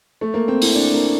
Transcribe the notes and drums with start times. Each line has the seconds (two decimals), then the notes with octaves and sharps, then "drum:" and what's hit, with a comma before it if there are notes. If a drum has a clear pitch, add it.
0.21 A3
0.34 A#3
0.48 C4
0.62 E4, drum: open hi-hat
0.75 D4
0.94 A#3